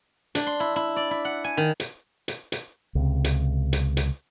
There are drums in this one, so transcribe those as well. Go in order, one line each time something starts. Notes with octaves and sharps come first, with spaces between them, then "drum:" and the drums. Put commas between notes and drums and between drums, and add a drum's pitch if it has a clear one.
D4, drum: hi-hat
C6
E4
E4
D5
E4
F#5
G#5
D#3
drum: hi-hat
drum: hi-hat
drum: hi-hat
C#2 C3
drum: hi-hat
drum: hi-hat
drum: hi-hat